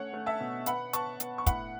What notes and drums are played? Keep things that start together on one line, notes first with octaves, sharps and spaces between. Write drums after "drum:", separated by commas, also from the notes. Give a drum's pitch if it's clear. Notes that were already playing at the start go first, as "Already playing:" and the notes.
Already playing: A3 C#4 C#5 F#5
A3
E5 A5
B2
B3 F#5 B5, drum: hi-hat
B3 A5 C#6, drum: hi-hat
B3, drum: hi-hat
C#6
A2 F#5 B5, drum: kick, hi-hat